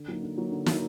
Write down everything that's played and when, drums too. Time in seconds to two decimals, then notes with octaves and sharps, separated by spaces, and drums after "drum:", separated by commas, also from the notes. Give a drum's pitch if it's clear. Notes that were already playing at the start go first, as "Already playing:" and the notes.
Already playing: D3
0.08 F#3 A#3 D#4
0.22 D3
0.37 F#3 A#3 D#4
0.52 D3
0.66 F#3 A#3 D#4, drum: snare